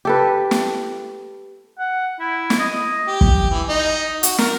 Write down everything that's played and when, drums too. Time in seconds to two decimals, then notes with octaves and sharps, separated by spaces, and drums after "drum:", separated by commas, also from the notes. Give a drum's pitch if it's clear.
0.05 G4 A4 B4
0.51 drum: snare
1.79 F#5
2.20 E4
2.50 drum: snare
2.59 D#5
3.07 G4
3.21 drum: kick
3.51 E3
3.69 D#4
4.23 F#4, drum: hi-hat
4.38 A#4, drum: snare